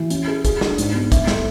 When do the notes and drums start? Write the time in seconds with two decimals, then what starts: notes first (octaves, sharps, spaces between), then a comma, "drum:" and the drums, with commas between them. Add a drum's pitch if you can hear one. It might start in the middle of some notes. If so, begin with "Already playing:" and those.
Already playing: E3
0.10 C#4, drum: hi-hat
0.28 G#4
0.45 G#4, drum: kick, hi-hat
0.61 D4, drum: snare
0.78 G#2, drum: hi-hat
0.94 B3
1.12 E5, drum: kick, hi-hat
1.27 A4, drum: snare